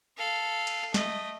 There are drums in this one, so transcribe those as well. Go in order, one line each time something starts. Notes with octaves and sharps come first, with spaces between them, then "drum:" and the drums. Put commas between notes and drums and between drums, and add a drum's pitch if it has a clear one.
A4 F5
drum: cymbal
A3 D#5, drum: snare